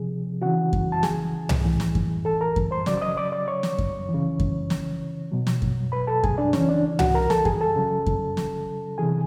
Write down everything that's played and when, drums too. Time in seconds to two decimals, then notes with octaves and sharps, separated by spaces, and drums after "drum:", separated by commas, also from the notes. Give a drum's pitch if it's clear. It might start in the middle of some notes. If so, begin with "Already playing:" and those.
Already playing: C3 F3 G#4
0.42 C#3 E3 F#4 F#5
0.73 drum: kick F#2
0.92 A5
1.03 G#4 G#5, drum: snare
1.49 drum: tom C2
1.64 A2 E3
1.80 drum: snare
1.95 drum: kick F#2
2.25 A4 A5
2.41 A#4 A#5
2.56 drum: kick F#2
2.71 C5 C6
2.86 C#3 F#3 D5 D6, drum: snare
2.97 D6
3.01 D#5 D#6
3.17 D5 D6
3.32 D5 D6
3.48 C#5 C#6
3.63 drum: snare
3.78 drum: kick F#2
4.09 E3
4.14 C#3
4.40 drum: kick F#2
4.70 drum: snare
5.32 B2 F#3
5.47 drum: snare
5.62 drum: kick F#2
5.92 B4 B5
6.07 A4 A5
6.24 G#4 G#5, drum: kick F#2
6.38 D4 D5
6.53 C#3 E3 C#4 C#5, drum: snare
6.69 D4 D5
6.99 F#4 F#5, drum: tom C2
7.14 A#4 A#5
7.30 A4 A5, drum: snare
7.45 G#4 G#5, drum: kick F#2
7.61 A4 A5
7.76 C#3 F#3
8.06 drum: kick F#2
8.37 drum: snare
8.98 C3 E3 G#4 G#5